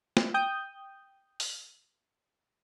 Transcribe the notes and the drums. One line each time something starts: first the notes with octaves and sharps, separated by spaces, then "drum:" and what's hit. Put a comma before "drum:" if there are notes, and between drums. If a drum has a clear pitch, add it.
drum: snare
G5 D#6 G6
drum: open hi-hat